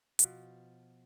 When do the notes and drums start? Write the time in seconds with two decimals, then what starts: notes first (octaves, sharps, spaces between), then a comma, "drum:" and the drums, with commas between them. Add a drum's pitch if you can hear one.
0.19 B2 F3, drum: hi-hat